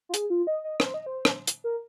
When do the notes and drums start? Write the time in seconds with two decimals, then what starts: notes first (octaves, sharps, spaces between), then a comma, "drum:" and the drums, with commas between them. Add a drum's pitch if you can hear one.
0.09 F4
0.14 G#4, drum: hi-hat
0.30 F4
0.47 D#5
0.64 D#5
0.80 C5, drum: rim click
0.94 D#5
1.06 C5
1.25 drum: rim click
1.47 drum: hi-hat
1.64 A#4